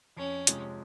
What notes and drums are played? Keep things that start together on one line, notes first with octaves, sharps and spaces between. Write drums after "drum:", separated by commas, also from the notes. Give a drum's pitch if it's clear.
F2 C#4
C3 F3 G#3, drum: hi-hat